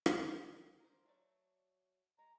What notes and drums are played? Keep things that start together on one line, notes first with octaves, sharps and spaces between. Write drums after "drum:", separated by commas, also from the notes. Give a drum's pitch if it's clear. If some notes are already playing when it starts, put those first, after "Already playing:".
C#5, drum: rim click
A#4 C5
F#3 A3 D5
G#3 A#5